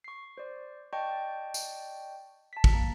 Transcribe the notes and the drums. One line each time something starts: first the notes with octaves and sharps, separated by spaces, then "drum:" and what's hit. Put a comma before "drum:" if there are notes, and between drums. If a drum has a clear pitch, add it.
C#6 C7
C5 D5
D5 D#5 G5 A5 C#6 G6
drum: tambourine
A5 B6
drum: kick
A#3 A#5